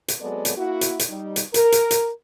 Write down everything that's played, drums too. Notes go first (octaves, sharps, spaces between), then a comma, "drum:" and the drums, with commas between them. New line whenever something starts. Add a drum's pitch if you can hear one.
drum: hi-hat
F#3 G#3 B3 C4 A4 D5
drum: hi-hat
A#3 E4 F#4
drum: hi-hat
drum: hi-hat
G3 D#4
drum: hi-hat
A#4, drum: hi-hat
drum: hi-hat
drum: hi-hat